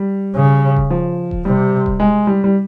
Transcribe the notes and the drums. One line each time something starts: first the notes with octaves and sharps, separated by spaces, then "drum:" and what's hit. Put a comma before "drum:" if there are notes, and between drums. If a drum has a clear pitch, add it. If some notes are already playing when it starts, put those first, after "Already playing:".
Already playing: G3
C#3
drum: kick D#1
F3
drum: kick D#1
C3 G3
drum: kick D#1
G#3
G3
G3